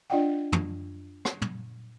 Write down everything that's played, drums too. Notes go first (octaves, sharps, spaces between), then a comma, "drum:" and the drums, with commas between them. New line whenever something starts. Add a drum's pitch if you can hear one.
D4 F4 D5 D#5 F#5 G5
drum: tom
drum: rim click
drum: tom